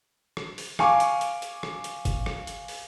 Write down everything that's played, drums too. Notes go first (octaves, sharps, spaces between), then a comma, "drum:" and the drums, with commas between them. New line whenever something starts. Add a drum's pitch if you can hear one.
drum: rim click
drum: open hi-hat
F5 G#5 C#6 D6, drum: rim click
drum: hi-hat
drum: hi-hat
drum: hi-hat
drum: rim click
drum: hi-hat
drum: kick, hi-hat
drum: rim click
drum: hi-hat
drum: open hi-hat